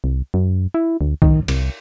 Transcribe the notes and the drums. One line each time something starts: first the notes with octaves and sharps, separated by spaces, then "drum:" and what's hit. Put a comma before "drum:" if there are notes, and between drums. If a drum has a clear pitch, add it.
C2
F#2
E4
D2
D#3, drum: kick
C2, drum: cymbal